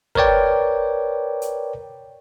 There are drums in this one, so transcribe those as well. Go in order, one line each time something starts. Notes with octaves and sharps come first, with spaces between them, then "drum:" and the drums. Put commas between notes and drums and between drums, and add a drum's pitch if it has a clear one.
A#4 B4 C#5 D5 G5, drum: kick
drum: hi-hat